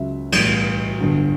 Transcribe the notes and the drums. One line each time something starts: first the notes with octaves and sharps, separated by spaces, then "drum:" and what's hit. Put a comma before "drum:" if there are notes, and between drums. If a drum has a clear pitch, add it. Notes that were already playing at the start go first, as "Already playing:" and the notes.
Already playing: C#2 C#3 F#3 E5
B1 A2 E3 G3, drum: cymbal
G1 G2 D3 F#3